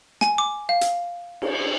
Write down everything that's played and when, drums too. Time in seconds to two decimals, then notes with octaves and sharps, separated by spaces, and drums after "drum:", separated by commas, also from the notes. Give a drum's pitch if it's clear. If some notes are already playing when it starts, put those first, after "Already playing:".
0.21 G#5, drum: snare
0.38 D6
0.69 F5
0.81 drum: hi-hat
1.42 drum: cymbal